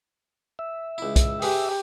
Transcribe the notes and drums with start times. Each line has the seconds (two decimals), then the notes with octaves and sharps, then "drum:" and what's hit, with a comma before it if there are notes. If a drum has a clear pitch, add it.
0.59 E5
0.98 C#2 E4
1.16 drum: kick, hi-hat
1.42 G4 G#4 B4, drum: open hi-hat